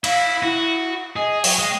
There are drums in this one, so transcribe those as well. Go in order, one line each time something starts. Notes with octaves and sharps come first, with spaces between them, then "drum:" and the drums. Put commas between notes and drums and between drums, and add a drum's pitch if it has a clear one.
E4 F5, drum: cymbal
E4 F#4
G#4 D#5
F#4 C#5 G5, drum: open hi-hat
G#3